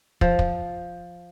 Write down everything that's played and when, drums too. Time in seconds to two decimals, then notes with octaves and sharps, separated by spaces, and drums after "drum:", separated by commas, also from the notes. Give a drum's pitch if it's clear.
0.21 F3, drum: kick
0.39 drum: kick